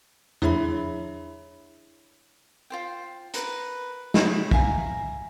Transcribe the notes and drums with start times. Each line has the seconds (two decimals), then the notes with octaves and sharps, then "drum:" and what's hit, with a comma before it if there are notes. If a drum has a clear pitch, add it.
0.42 D4 E4 G#4 C#5 E5 B5, drum: tom E2
2.70 F4 C5 G5
3.34 A#4 B4, drum: hi-hat
4.14 C#5 D#5 E5 B5, drum: snare
4.51 E5 F5 G#5 A#5, drum: kick